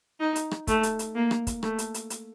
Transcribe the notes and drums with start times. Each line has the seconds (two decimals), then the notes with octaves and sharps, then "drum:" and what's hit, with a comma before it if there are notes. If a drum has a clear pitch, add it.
0.20 D#4
0.36 drum: hi-hat
0.51 drum: rim click
0.67 A3, drum: kick, hi-hat
0.83 drum: hi-hat
0.99 drum: hi-hat
1.15 A#3
1.31 drum: rim click
1.47 drum: kick, hi-hat
1.63 A3, drum: rim click
1.78 drum: hi-hat
1.94 drum: hi-hat
2.10 drum: hi-hat